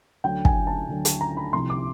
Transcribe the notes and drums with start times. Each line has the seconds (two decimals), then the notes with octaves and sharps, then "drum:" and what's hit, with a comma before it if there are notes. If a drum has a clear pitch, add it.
0.24 D2 D3 F#3 G5
0.45 G#5, drum: kick
0.67 A5
0.89 D2 D3 F#3
1.05 A5, drum: hi-hat
1.21 A#5
1.37 B5
1.53 C2 C3 F3 C6
1.70 D6